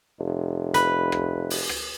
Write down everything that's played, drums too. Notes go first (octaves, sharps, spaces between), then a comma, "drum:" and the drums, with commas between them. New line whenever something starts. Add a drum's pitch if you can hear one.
F1
B4, drum: hi-hat
drum: rim click
drum: open hi-hat
drum: rim click